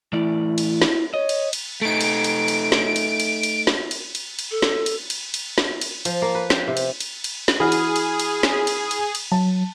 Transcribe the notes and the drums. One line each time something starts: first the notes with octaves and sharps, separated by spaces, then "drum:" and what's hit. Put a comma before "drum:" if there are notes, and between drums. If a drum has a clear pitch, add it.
E3 A3 E4 D5
drum: cymbal
drum: snare
C#5 D#5
drum: cymbal
drum: cymbal
A3 D#4 D7
drum: cymbal
drum: cymbal
drum: cymbal
drum: snare
drum: cymbal
drum: cymbal
drum: cymbal
drum: snare
drum: cymbal
drum: cymbal
drum: cymbal
A4
drum: snare
drum: cymbal
drum: cymbal
drum: cymbal
drum: snare
drum: cymbal
F3, drum: cymbal
A#3
B4
G5, drum: snare
C3
drum: cymbal
drum: cymbal
drum: cymbal
drum: snare
E3 F#4 G#4 B5 F6
drum: cymbal
drum: cymbal
drum: cymbal
drum: snare
drum: cymbal
drum: cymbal
drum: cymbal
F#3 A5